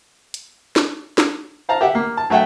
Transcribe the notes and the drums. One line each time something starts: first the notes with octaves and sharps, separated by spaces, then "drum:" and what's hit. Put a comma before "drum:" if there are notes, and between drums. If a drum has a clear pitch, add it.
drum: hi-hat
drum: snare
drum: snare
C5 F5 A5 A#5
G4 E5 F#5
A#3
A5
F#3 A3 E5 F#5 G5